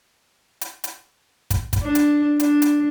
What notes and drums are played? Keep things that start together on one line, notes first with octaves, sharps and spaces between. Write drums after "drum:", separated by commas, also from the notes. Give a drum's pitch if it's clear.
drum: hi-hat
drum: hi-hat
drum: kick, hi-hat
drum: kick, hi-hat
D4
drum: hi-hat
D4, drum: hi-hat
drum: hi-hat